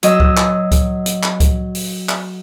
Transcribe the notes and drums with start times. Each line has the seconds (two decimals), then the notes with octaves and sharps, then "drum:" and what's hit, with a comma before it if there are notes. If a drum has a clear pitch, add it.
0.03 F#3 D#5 E6, drum: hi-hat
0.20 drum: kick C#2
0.37 drum: clap
0.72 drum: kick C#2, hi-hat
1.06 drum: hi-hat
1.23 drum: clap
1.40 drum: kick C#2, hi-hat
1.75 drum: open hi-hat
2.09 drum: clap